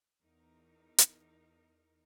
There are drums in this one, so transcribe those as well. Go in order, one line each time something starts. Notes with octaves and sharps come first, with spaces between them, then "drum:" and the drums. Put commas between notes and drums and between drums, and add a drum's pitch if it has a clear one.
E2 D#4 A#4
drum: hi-hat